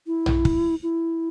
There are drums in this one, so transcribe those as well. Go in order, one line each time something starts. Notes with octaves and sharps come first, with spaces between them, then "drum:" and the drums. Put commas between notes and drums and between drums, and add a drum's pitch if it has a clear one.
E4
drum: tom A#1
drum: kick
E4